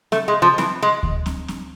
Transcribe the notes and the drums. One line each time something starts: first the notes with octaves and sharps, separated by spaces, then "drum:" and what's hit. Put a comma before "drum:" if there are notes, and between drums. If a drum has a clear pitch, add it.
A3, drum: snare
G#3
F3
E3, drum: snare
G#3
drum: kick D2
drum: snare
drum: snare